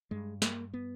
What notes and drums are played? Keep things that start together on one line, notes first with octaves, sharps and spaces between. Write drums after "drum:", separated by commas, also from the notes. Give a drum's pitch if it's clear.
G2 G#3
A#3, drum: snare
B3